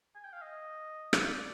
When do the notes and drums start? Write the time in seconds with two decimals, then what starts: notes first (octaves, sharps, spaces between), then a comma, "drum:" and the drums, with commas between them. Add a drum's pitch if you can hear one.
0.15 G#5
0.24 G5
0.33 F5
0.42 D#5
1.13 D5, drum: rim click